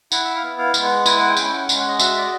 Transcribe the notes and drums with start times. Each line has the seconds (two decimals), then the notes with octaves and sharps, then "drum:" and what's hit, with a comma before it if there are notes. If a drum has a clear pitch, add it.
0.12 E4 F#5, drum: tambourine
0.24 E5
0.36 F5
0.43 B3
0.58 F5
0.74 G#3, drum: tambourine
0.82 F#5
1.06 E4 G#5, drum: tambourine
1.18 F#5
1.29 G5
1.37 C#4, drum: tambourine
1.43 G5
1.53 F#5
1.69 G#3, drum: tambourine
1.77 F#5
1.88 D#5
1.99 F#4 E5, drum: tambourine
2.18 D5
2.23 D#5